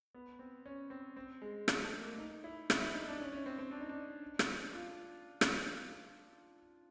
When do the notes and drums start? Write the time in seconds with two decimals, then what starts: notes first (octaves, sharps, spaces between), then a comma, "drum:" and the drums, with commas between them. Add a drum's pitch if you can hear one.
0.14 B3
0.39 C4
0.66 C#4
0.90 C4
1.16 C4
1.42 G#3
1.68 A3, drum: rim click
1.84 A3
2.01 A#3
2.18 D#4
2.44 E4
2.70 E4, drum: rim click
2.82 E4
2.95 D#4
3.08 D4
3.20 C#4
3.32 C#4
3.46 C4
3.59 C4
3.71 D4
3.81 D#4
3.89 D4
4.39 drum: rim click
4.73 F4
5.41 drum: rim click